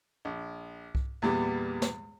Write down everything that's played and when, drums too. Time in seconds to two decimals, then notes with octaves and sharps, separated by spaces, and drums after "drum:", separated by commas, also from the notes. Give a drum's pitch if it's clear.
0.25 A#1
0.95 drum: kick C2
1.22 E2 A#2 G3 B3
1.82 drum: snare